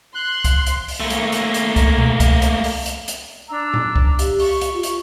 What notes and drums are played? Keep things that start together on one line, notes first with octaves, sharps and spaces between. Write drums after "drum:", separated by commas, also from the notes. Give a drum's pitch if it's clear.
C6 F#6
drum: kick C2, hi-hat
drum: hi-hat
drum: open hi-hat
A3 A#3
drum: hi-hat
drum: hi-hat
drum: hi-hat
drum: kick C2, hi-hat
drum: tom B2
drum: kick C2, hi-hat
drum: hi-hat
drum: open hi-hat
drum: hi-hat
drum: hi-hat
D4 A#5 E6
drum: tom A2
drum: kick C2
G4, drum: hi-hat
C#6, drum: open hi-hat
drum: hi-hat
F4
drum: hi-hat